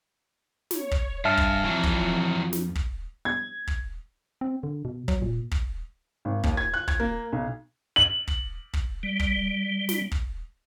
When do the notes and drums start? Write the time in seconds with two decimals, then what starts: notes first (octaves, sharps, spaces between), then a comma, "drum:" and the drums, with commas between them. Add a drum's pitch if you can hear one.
0.71 C#5, drum: snare
0.92 drum: kick
1.25 G2 E5 G#5 A5 F6 A#6
1.38 drum: kick
1.64 F2 E3 F#3
1.84 drum: kick
2.53 drum: snare
2.76 drum: kick
3.25 G#6
3.68 drum: kick
4.41 C4
4.63 D3
4.85 B2
5.08 F#3, drum: kick
5.22 A#2
5.52 drum: kick
6.25 G#1
6.44 D#2, drum: kick
6.57 G#6
6.74 F#6
6.88 G#6, drum: kick
7.00 A#3
7.32 B1
7.96 F#7
8.28 drum: kick
8.74 drum: kick
9.03 G3
9.20 drum: kick
9.89 drum: snare
10.12 drum: kick